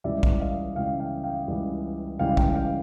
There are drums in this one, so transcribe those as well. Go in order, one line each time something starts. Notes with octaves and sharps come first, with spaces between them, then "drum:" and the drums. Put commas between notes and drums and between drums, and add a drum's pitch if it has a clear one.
C#2 C#3 E3 G3 D5 E5
drum: kick A#1
D#5 F5
C#2 C#3 E3 G3 F5 G5
F5 G5
F5 G5
C#2 C#3 E3 G3
C#2 C#3 E3 G3 F5 G5
F5 G5, drum: kick A#1
F5 G5